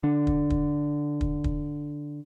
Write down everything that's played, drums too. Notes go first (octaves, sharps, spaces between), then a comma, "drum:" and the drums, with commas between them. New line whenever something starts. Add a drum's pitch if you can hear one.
D3 D4
drum: kick
drum: kick
drum: kick
drum: kick